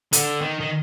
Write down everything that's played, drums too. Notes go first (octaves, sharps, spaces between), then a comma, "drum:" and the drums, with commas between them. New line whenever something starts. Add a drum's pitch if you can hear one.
D3, drum: hi-hat
D#3
D#3